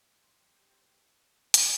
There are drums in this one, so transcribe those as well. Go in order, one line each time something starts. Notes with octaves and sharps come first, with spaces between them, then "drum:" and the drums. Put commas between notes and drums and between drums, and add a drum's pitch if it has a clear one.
D5 C6
G5
G4 G5
A4 C5
B4
drum: hi-hat